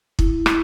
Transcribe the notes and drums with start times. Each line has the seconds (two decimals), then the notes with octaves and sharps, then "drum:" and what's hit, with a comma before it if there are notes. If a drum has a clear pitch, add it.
0.19 E4, drum: kick
0.46 drum: rim click